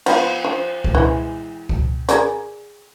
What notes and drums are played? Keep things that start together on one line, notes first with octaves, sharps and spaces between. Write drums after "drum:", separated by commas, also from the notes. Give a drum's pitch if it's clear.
F3 B3 F4, drum: cymbal
F3
drum: kick C#2
E3 G#3
drum: kick C#2
G#4 A#4 D5, drum: hi-hat